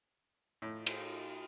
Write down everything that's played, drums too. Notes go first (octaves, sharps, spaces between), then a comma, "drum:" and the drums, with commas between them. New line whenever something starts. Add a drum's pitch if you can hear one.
A2 D#4 F4
drum: cymbal